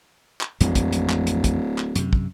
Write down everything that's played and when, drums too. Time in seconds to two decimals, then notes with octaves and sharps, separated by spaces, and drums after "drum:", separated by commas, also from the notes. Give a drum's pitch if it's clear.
0.41 drum: clap
0.61 D1 A1 F2 G#3, drum: hi-hat
0.75 drum: kick, hi-hat
0.93 drum: hi-hat
1.10 drum: clap
1.27 drum: hi-hat
1.44 drum: kick, hi-hat
1.78 drum: clap
1.95 F#2 C3, drum: hi-hat
2.13 drum: kick